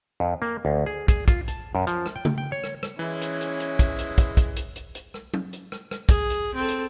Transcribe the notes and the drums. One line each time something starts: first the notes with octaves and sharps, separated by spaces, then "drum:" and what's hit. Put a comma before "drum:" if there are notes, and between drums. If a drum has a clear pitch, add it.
F2
A#3
D2
G#4
G#4, drum: kick, hi-hat
F4, drum: kick, hi-hat
A5, drum: hi-hat
F#2
F3, drum: hi-hat
drum: rim click
G5
drum: tom C#3
G5
C#5
drum: rim click
drum: rim click
E3 G#3 C#4 E4
drum: hi-hat
drum: hi-hat
drum: hi-hat
drum: kick, hi-hat
drum: hi-hat
drum: kick, hi-hat
drum: kick, hi-hat
drum: hi-hat
drum: hi-hat
drum: hi-hat
drum: rim click
drum: tom
drum: hi-hat
drum: rim click
drum: rim click
G#4, drum: kick, hi-hat
drum: hi-hat
C4 A4
drum: hi-hat